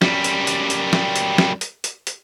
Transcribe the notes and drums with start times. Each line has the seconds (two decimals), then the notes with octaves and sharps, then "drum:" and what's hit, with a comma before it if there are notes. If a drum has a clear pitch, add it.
0.02 F#2 G3, drum: snare
0.24 drum: hi-hat
0.47 drum: hi-hat
0.70 drum: hi-hat
0.93 drum: snare
1.16 drum: hi-hat
1.38 drum: snare
1.61 drum: hi-hat
1.84 drum: hi-hat
2.07 drum: hi-hat